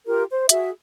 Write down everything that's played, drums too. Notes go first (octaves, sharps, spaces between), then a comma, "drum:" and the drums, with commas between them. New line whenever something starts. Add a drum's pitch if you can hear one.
F4 G4 A#4
C5
F#4 G#4 E5, drum: hi-hat